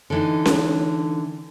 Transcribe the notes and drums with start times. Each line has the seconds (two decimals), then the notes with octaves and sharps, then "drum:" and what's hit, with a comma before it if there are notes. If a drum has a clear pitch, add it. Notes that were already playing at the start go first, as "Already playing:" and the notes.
0.10 D3 E3 D#4
0.46 drum: snare C#4